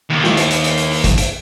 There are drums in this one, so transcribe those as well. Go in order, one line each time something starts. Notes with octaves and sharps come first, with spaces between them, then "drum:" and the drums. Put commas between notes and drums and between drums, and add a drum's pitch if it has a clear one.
D#2
drum: snare
drum: hi-hat
drum: hi-hat
drum: hi-hat
drum: hi-hat
drum: open hi-hat
drum: kick, hi-hat
drum: hi-hat